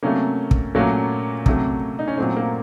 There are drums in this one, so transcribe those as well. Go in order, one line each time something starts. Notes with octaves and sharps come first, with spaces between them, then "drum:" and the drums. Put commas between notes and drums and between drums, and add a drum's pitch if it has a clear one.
C3 F#3 A3 A#3 C#4
drum: kick
A#2 F#3 A3 A#3 C#4
C3 F#3 A3, drum: kick
D#4
C#4
A#2 F#3 A3 C4
A#3